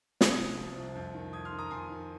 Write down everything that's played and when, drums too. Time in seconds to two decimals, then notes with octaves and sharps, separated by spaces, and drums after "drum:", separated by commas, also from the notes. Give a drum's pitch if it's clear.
0.21 C2 D#6 G#6, drum: snare
0.39 C3
0.58 F3
0.76 C2
0.95 F2
1.14 D#3
1.33 F2 D#6 G#6
1.45 C6 F6
1.52 D#3
1.58 A#5 D#6
1.71 F2 G#5 C6
1.90 D#3